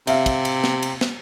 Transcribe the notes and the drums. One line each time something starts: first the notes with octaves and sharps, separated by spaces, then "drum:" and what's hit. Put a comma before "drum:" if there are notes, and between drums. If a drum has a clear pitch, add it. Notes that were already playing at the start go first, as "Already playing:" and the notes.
C3 E5 F5, drum: cymbal
drum: kick, cymbal
drum: cymbal
drum: snare
drum: cymbal
drum: snare